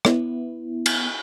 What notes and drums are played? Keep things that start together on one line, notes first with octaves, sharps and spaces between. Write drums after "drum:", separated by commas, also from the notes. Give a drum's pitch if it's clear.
B3 E4, drum: rim click
drum: cymbal